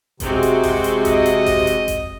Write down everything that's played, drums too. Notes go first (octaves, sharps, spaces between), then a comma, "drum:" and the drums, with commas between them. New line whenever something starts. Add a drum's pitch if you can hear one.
C3 G#3 C4 F#4, drum: kick F#1, hi-hat
drum: hi-hat
drum: kick F#1, open hi-hat
drum: hi-hat
D#5, drum: kick F#1, hi-hat
drum: hi-hat
drum: kick F#1, open hi-hat
drum: hi-hat
drum: kick F#1, hi-hat